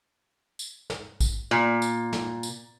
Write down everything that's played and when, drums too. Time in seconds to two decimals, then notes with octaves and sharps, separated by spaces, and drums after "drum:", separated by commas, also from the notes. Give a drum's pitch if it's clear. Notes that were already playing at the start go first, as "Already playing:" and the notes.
0.59 drum: tambourine
0.90 drum: snare
1.20 drum: kick, tambourine
1.51 A#2
1.82 drum: tambourine
2.13 drum: snare
2.43 drum: tambourine